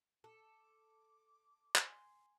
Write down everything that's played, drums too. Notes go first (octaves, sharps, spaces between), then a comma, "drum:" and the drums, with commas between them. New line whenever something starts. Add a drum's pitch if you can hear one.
A4 D6
G#5 C6, drum: clap